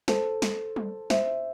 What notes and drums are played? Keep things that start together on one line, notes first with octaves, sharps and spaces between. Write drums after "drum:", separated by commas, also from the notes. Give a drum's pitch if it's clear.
A4 C5, drum: snare
drum: snare
drum: tom
C5 E5, drum: snare